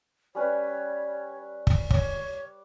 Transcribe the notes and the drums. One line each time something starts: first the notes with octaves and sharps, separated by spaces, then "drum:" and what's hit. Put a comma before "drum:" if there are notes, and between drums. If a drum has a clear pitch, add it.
G3 C#4 B4 C#5
drum: kick
C#5 D6, drum: kick